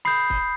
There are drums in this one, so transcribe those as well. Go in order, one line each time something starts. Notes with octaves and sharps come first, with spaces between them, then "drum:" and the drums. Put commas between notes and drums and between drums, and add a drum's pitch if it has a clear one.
B5 D#6 G6 C7
drum: kick